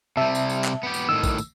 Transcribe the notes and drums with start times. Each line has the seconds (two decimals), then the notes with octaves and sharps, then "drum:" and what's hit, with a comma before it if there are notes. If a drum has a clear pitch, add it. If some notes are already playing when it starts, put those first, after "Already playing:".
0.17 C3 G3 E5 A5
0.35 drum: tambourine
0.50 drum: tambourine
0.64 drum: clap
0.83 B3 G4
0.94 drum: tambourine
1.09 A2 D#3 E6
1.23 drum: kick, tambourine
1.38 drum: tambourine